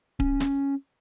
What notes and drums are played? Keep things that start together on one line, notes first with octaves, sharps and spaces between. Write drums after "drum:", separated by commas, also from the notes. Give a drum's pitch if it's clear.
C#4, drum: kick D1
drum: snare